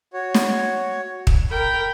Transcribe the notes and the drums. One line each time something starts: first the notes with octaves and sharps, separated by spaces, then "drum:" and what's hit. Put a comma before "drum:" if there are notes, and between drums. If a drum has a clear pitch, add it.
F#4 C#5
drum: snare
drum: kick
A#4 G5 B5